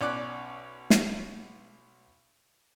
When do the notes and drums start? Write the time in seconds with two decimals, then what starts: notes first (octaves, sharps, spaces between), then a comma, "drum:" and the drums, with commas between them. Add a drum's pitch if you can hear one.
0.01 B1 C#4 D5 D6 F#6
0.90 drum: snare